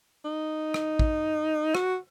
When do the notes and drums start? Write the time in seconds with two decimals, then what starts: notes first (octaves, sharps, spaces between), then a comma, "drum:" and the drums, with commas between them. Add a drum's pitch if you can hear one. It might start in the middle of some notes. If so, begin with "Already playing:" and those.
0.25 D#4
0.74 drum: rim click
0.99 drum: kick
1.75 F#4, drum: rim click